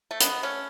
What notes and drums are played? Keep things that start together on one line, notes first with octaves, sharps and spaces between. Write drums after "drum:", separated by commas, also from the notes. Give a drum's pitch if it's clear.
A3
G#3 B3, drum: hi-hat
A3 C#4